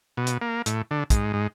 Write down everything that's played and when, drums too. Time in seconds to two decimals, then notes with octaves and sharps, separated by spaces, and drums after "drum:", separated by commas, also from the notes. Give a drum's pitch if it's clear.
0.17 B2
0.27 drum: hi-hat
0.42 A#3
0.66 A2, drum: hi-hat
0.91 D3
1.10 G#2, drum: kick, hi-hat
1.33 G#2